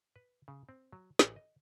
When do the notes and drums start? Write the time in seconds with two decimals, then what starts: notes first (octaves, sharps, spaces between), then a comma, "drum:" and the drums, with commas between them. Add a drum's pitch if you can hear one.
0.16 B4
0.48 C#3
0.69 C4
0.92 F#3
1.19 A1, drum: snare
1.36 D#5